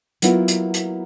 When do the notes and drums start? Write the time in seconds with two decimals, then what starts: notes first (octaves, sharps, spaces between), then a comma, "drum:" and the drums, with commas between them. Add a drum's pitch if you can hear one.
0.22 F#3 A#3 B3 E4 F4, drum: hi-hat
0.48 drum: hi-hat
0.74 drum: hi-hat